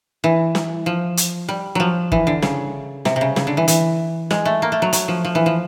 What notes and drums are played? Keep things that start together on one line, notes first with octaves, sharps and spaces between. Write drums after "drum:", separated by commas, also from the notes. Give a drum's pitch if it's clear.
E3
drum: snare
F3
drum: hi-hat
G3
F3 F#3
E3, drum: kick G1
D3
C#3, drum: snare
C3, drum: snare
C3
C#3
C#3, drum: snare
D3
E3
E3, drum: hi-hat
G#3, drum: snare
A3
A#3
A3
F#3
F#3, drum: hi-hat
F3
F3
E3
F3